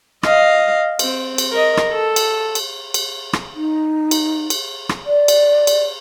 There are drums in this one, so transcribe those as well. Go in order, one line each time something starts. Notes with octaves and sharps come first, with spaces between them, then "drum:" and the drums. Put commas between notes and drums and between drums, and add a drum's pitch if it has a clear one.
D#5 F5, drum: rim click
C4, drum: cymbal
drum: cymbal
A#4 D#5
drum: rim click
A4
drum: cymbal
drum: cymbal
drum: cymbal
drum: rim click
D#4
drum: cymbal
drum: cymbal
drum: rim click
D5
drum: cymbal
drum: cymbal